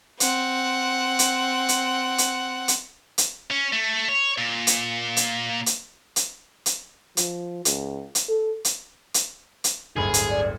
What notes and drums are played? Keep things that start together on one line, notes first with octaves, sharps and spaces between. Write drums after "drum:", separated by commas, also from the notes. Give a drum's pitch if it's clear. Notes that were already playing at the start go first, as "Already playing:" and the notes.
C4 F#5, drum: hi-hat
drum: hi-hat
drum: hi-hat
drum: hi-hat
drum: hi-hat
drum: hi-hat
C#4
A3
C#5
A#2
drum: hi-hat
drum: hi-hat
drum: hi-hat
drum: hi-hat
drum: hi-hat
F3, drum: hi-hat
C#2, drum: hi-hat
drum: hi-hat
A4
drum: hi-hat
drum: hi-hat
drum: hi-hat
D1 G1 G#4 B5
drum: hi-hat
D5